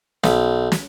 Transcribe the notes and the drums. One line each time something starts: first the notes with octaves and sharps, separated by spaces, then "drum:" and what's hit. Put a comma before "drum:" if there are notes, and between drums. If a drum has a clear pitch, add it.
B1, drum: snare
drum: snare